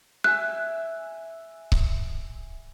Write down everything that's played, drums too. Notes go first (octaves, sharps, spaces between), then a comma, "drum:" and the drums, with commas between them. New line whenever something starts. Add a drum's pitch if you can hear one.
E5 G#5 F#6
drum: kick C#1